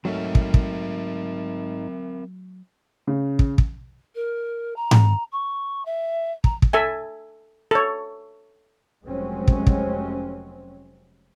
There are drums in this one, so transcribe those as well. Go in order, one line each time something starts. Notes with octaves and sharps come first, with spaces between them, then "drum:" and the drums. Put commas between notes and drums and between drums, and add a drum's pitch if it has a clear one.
G#2 F#3 A3 C4 D#4 A#4 E5
drum: kick
drum: kick
C#3
drum: kick
drum: kick
A#4
A#5
drum: tom G#2
C#6
E5
A#5, drum: kick
drum: kick
A4 E5 G#5
A4 C#5
F1 F#3 G#3 C4 C#4
drum: kick
drum: kick